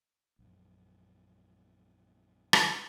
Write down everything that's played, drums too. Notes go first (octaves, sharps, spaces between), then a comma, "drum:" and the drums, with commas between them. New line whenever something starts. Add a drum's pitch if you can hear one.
A#1 F#2
drum: rim click